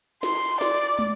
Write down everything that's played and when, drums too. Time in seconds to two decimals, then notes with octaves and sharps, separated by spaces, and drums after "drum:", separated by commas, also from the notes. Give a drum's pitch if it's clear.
0.23 C6, drum: snare
0.61 D5, drum: snare
0.99 drum: tom